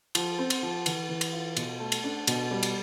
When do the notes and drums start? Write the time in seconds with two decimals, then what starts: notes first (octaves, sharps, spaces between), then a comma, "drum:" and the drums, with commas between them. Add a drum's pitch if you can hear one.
0.15 F3, drum: cymbal
0.39 C4
0.50 drum: cymbal
0.63 F3
0.86 E3, drum: cymbal
1.09 E3
1.21 drum: cymbal
1.33 F4
1.57 B2, drum: cymbal
1.80 A3
1.92 drum: cymbal
2.04 D4
2.27 B2, drum: cymbal
2.51 G3
2.63 drum: cymbal